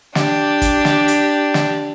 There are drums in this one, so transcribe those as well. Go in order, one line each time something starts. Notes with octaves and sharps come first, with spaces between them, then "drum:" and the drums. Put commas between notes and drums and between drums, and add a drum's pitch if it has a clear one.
D4 G4, drum: snare
drum: kick, hi-hat
drum: snare
drum: hi-hat
drum: snare